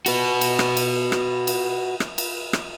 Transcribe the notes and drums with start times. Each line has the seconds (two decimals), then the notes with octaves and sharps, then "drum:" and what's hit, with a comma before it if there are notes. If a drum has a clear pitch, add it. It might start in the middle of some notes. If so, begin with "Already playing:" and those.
0.06 F#4 B4, drum: cymbal
0.41 drum: cymbal
0.59 drum: rim click
0.77 drum: cymbal
1.12 drum: rim click
1.47 drum: cymbal
2.00 drum: rim click
2.18 drum: cymbal
2.53 drum: rim click